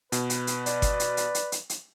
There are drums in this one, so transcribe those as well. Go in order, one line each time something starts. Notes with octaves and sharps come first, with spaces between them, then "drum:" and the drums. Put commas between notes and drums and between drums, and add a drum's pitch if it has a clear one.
B2 B4, drum: hi-hat
drum: hi-hat
drum: hi-hat
D5, drum: hi-hat
drum: kick G1, hi-hat
drum: hi-hat
drum: hi-hat
drum: hi-hat
drum: hi-hat
drum: hi-hat